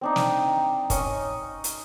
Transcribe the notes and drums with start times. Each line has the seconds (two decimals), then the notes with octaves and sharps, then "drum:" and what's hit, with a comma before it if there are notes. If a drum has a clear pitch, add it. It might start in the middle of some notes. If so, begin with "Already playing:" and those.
0.01 C4 D4 D#4
0.16 drum: snare
0.90 C#4 D#5 C#6 D#6, drum: kick, hi-hat
1.64 drum: hi-hat